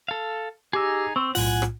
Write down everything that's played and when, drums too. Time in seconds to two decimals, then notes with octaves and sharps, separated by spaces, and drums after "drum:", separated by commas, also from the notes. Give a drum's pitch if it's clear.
0.08 A4 F5
0.73 D#4 G4 G#4 D6 E6
1.16 C4 C#6 E6
1.35 B1 A2 F4 F#5 G#5, drum: open hi-hat
1.62 drum: rim click